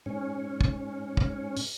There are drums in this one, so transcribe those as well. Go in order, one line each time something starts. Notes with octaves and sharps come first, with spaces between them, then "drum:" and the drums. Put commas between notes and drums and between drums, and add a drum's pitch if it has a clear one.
G#2 C#4
drum: kick
drum: kick
drum: open hi-hat